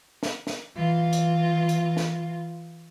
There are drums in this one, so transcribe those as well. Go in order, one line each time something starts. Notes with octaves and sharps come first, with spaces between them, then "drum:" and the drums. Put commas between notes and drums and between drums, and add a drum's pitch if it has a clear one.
drum: snare
drum: snare
E3 F4
drum: hi-hat
drum: hi-hat
drum: snare